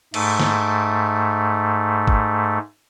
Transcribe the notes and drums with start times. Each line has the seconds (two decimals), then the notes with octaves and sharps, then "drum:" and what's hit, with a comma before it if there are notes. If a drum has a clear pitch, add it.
0.14 G#2 A3, drum: cymbal
0.39 drum: snare
2.07 drum: kick